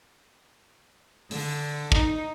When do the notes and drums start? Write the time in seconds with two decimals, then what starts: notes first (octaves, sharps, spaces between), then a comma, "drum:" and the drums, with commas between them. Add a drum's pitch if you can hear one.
1.31 D3, drum: open hi-hat
1.92 D#4, drum: kick